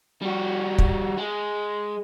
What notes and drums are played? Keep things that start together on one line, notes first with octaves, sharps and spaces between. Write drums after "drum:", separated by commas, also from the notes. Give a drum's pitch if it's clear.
G3 F#4
drum: kick
G#3